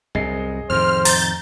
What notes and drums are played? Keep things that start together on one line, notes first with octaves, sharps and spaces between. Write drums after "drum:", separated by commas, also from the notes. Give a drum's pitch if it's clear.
C2 F#2 G#4 D#5 C7
F2 A2 D#3 C5 F6
A#5 G6 A6, drum: open hi-hat